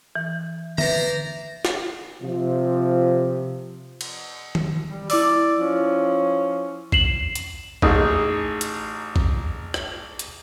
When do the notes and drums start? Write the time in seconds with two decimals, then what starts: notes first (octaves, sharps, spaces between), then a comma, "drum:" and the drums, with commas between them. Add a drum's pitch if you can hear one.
0.15 E3
0.78 B4 C5 D5 E5 A#5, drum: tom D3
1.65 drum: snare
2.21 C3 F3
4.01 drum: cymbal
4.55 drum: tom
4.88 G3
5.10 E4 D5 D6 E6, drum: open hi-hat
5.59 F3 C#4
6.92 C7 E7 F#7, drum: kick
7.35 drum: hi-hat
7.82 A1 D#4 G#4, drum: kick
8.61 drum: hi-hat
9.16 drum: kick
9.74 drum: rim click
10.19 drum: hi-hat